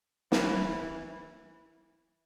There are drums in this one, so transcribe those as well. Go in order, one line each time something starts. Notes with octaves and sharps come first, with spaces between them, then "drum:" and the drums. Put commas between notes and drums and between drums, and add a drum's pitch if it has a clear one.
E3, drum: snare